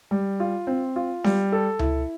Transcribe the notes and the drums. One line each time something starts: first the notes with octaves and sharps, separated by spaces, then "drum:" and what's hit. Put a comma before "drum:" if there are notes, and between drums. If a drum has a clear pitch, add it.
G3
F4
C4
F4
G3, drum: snare B3
A4
E4, drum: tom C#2